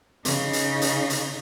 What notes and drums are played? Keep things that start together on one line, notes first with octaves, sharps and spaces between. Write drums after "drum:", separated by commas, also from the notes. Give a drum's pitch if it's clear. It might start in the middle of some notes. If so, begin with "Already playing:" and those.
C#3 D#4, drum: hi-hat
drum: hi-hat
drum: hi-hat
drum: hi-hat